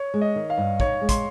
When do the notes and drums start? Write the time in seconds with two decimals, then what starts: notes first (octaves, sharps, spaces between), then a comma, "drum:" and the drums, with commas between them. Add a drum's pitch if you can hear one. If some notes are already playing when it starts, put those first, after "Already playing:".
Already playing: C#5
0.14 G#3
0.21 D#5
0.36 D#3
0.50 F5
0.58 G2
0.80 D#4 C#5, drum: kick
1.01 G#3
1.09 C6, drum: kick, hi-hat